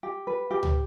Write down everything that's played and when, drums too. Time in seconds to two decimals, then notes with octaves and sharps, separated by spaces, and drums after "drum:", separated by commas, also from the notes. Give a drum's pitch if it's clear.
0.03 G4
0.27 B4
0.51 G4
0.63 drum: tom C#2